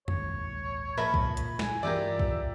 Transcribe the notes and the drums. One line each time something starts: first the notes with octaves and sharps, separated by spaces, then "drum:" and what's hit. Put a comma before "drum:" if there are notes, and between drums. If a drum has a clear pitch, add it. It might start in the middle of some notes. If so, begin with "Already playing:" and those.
A#1 D#2 G#2 C#5, drum: tom F2
A#2 F3 A#4 E5 B5 G#6
drum: kick B1
drum: hi-hat
G#5, drum: snare
G2 E3 F4 G4 A#4 D5 E5
drum: kick B1